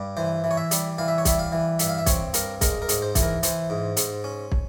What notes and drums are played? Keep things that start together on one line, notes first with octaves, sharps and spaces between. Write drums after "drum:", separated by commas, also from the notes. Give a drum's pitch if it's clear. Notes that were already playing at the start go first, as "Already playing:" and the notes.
Already playing: G2 G3
E3 C5
E3
C#5
E5
G3, drum: hi-hat
E3 F5
E5
C#5
G3 E5, drum: kick, hi-hat
F5
E3
G2 E5, drum: hi-hat
F5
E5
C4 C#5, drum: kick, hi-hat
G2 A#4, drum: hi-hat
G#3 A#4, drum: kick, hi-hat
A#4
G#2, drum: hi-hat
C5
E3, drum: kick, hi-hat
A#4
E3 C5, drum: hi-hat
G#2
G#2, drum: hi-hat
C#4
drum: kick